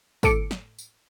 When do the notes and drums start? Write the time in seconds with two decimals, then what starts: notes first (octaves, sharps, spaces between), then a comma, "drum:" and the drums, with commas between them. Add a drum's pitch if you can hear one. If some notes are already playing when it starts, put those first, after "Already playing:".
0.23 A2 A4 D6 C#7 D7, drum: kick, tambourine
0.51 drum: snare
0.78 drum: tambourine